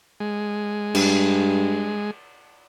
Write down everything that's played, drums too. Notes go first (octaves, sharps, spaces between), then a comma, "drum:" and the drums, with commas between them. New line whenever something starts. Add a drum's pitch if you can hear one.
G#3
G2, drum: cymbal